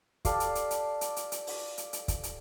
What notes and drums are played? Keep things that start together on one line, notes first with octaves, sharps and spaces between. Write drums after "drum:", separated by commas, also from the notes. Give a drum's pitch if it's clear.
G4 A4 D5 F5, drum: kick, hi-hat
drum: hi-hat
drum: hi-hat
drum: hi-hat
drum: hi-hat
drum: hi-hat
drum: hi-hat
drum: open hi-hat
drum: hi-hat
drum: hi-hat
drum: kick, hi-hat
drum: hi-hat